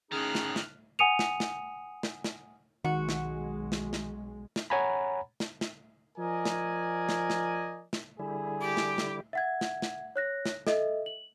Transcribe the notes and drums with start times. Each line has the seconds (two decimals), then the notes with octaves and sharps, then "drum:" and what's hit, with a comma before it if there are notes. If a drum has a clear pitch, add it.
0.12 A2 D#3 C#4 D#4 G#4 F6 F#6
0.35 drum: snare
0.56 drum: snare
0.99 F#5 G#5 D#6 C#7 D#7 F7
1.19 drum: snare
1.40 drum: snare
2.03 drum: snare
2.24 drum: snare
2.85 B1 D#3 G#3 F#4
3.09 drum: snare
3.72 drum: snare
3.93 drum: snare
4.56 drum: snare
4.70 C#5 F#5 G#5 A#5 B5
5.40 drum: snare
5.61 drum: snare
6.18 F3 A#4 D5 D#5 G#5
6.45 drum: snare
7.09 drum: snare
7.30 drum: snare
7.93 drum: snare
8.19 D3 G3 E4 G#4
8.61 G4 D6
8.77 drum: snare
8.98 drum: snare
9.33 E5 F#5 G#6
9.61 drum: snare
9.82 drum: snare
10.16 C#5 F#6 A#6
10.46 drum: snare
10.67 A4 D#5 E5, drum: snare
11.06 F#7